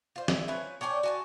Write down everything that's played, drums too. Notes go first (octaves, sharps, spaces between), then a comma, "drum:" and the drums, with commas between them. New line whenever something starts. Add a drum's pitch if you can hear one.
F4 C5
E4 D#5, drum: snare
F3 C#4 B4 G#5
C#4 D4 G5 G#5
F#4 G#5 A5